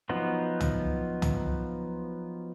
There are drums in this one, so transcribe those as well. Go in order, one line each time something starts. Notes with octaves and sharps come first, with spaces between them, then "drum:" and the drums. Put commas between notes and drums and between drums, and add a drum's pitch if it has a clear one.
F3 F#3 B3 D#4 F4
drum: tom
drum: tom